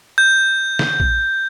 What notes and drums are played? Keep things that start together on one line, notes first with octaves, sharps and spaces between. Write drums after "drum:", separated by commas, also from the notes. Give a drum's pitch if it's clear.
G6
drum: snare
drum: kick A#1